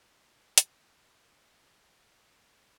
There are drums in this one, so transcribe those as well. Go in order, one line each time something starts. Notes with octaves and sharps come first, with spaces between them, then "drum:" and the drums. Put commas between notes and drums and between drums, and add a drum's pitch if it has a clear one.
G#3
A5, drum: hi-hat
A#2
D#2
D3
D#4
E5
C#4
A3